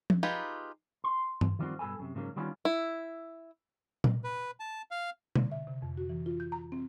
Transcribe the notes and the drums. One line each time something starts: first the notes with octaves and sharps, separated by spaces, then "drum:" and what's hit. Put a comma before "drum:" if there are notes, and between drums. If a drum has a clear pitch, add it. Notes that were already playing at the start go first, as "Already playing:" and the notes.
drum: tom F3
D#4 F4 G4 G#4 B4
C6
drum: tom G2
D#3 F3 G3 A#3 C4 F#4
G2 B2 A4 B4 G#5
F#2 C3
G#2 C#3 F#3 A#3
D#3 G3 B3 C#4 D4 F4
E4
drum: tom
B4
A5
F5
D3, drum: tom B2
E5
C3
F2
F#4
E3
F4
G6
A#5
C4